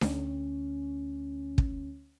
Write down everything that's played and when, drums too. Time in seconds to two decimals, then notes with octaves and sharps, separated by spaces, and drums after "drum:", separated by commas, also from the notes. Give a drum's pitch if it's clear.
0.01 D2 C#4, drum: snare D4
1.58 drum: kick